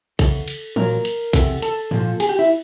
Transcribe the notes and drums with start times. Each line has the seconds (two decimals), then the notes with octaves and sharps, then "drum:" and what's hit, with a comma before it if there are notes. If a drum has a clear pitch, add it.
0.19 E2 C#3 A4, drum: kick B1, cymbal
0.48 drum: cymbal
0.76 A#2 F#3 A#4, drum: tom E3
1.05 drum: cymbal
1.33 E2 C3 A4, drum: kick B1, cymbal
1.62 A4, drum: cymbal
1.91 A#2 F3, drum: tom
2.20 G#4, drum: cymbal
2.29 G4
2.39 E4